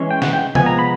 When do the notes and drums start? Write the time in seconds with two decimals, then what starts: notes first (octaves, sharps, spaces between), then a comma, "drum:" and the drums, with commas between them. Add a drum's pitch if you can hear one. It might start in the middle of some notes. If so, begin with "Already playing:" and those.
Already playing: E3 G#3 C#4
0.11 G5
0.22 F#5, drum: snare
0.33 G5
0.55 F3 G#3 B3 G#5, drum: tom
0.66 A#5
0.79 B5